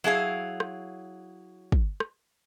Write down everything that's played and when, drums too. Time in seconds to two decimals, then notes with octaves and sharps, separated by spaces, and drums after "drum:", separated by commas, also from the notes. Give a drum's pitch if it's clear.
0.04 F#3 E4 G#4 F5
0.60 drum: rim click
1.72 drum: kick
2.00 drum: rim click